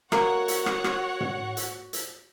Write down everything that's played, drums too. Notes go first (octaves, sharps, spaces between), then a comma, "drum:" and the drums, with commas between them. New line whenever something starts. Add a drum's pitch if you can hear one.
A#3 F#4 C#5 F#5 C#6, drum: rim click
drum: hi-hat
drum: rim click
drum: rim click
drum: tom
drum: hi-hat
drum: hi-hat